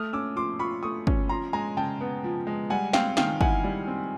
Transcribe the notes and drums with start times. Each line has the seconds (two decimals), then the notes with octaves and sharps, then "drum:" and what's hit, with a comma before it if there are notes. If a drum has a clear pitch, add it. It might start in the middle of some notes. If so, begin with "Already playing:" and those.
Already playing: A3 D#6 F6
0.13 C#4 D6 E6
0.36 F3 C6 D6
0.59 F4 B5 C#6
0.83 A3 C#6 D#6
1.07 C#4, drum: kick
1.29 F3 A#5 C6
1.53 G#3 G#5 A#5
1.77 C#3 G5 A5
2.01 B3
2.24 F3
2.47 G#3
2.70 G3 F#5 G#5
2.93 C4 F5 G5, drum: snare
3.17 D#3 F5 G5, drum: snare
3.41 E4 F#5 G#5, drum: kick
3.64 G3
3.88 C4